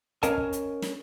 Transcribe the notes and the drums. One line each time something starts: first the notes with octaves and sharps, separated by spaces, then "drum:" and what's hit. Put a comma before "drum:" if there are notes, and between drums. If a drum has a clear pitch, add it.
C#4 A#4 C#5 D#5 F5 A5, drum: kick, hi-hat
drum: kick
drum: hi-hat
drum: snare